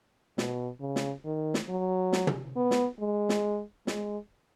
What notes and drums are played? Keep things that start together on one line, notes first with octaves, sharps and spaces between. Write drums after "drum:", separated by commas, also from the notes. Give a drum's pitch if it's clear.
B2, drum: snare
C#3
drum: snare
D#3
drum: snare
F#3
drum: snare
drum: tom
B3
drum: snare
G#3
drum: snare
G#3, drum: snare